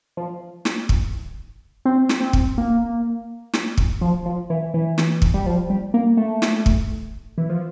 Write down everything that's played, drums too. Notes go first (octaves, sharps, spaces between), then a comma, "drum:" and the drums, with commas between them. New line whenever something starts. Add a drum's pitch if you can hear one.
F3
drum: snare
drum: kick
C4
drum: snare
C4
drum: kick
A#3
drum: snare
drum: kick
F3
F3
E3
E3
drum: snare
drum: kick
G3
F3
G3
A#3
A3
drum: snare
drum: kick
E3
F3